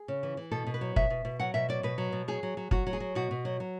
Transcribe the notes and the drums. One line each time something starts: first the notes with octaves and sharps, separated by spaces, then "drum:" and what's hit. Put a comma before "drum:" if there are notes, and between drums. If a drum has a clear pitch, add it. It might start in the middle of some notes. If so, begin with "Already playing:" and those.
Already playing: G#4
C#3
E3
E3
B2 A4
B2
B4
F#3
B2 E5, drum: kick
B2
B2
F#3 F#5
B2 E5
F#3 D5
B2 B4
F#3
B2
F#3 G#4
F#3
F#3
F#3 F#4, drum: kick
F#3
G#4
F#3
B2 F#4
B2
F#3
F#3